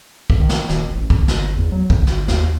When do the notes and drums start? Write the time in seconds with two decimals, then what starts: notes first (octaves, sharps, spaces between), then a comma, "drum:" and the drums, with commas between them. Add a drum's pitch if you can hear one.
0.30 drum: kick
0.40 D#3
0.49 drum: snare
0.69 D#1, drum: snare
0.91 A1
1.10 G1, drum: kick
1.28 drum: snare
1.56 E2
1.72 F#3
1.90 G1, drum: kick
2.07 drum: snare
2.28 D#2, drum: snare